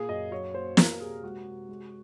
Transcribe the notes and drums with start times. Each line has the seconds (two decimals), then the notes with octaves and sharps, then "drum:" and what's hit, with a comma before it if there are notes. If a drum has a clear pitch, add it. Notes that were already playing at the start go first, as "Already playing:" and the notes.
Already playing: A#2 A#3 G#4
0.09 F#2 D#5
0.31 F#3 C#5
0.54 A#3 C5
0.77 A#3 A#4, drum: snare
1.00 C3 G#4
1.23 G#3 F#4
1.46 C3
1.69 G#3